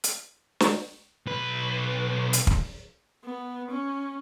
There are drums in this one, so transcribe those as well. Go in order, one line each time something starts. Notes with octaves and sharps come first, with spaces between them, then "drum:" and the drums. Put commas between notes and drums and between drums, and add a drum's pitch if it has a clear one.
drum: hi-hat
drum: snare
B1 B4
drum: hi-hat
drum: kick
B3
C#4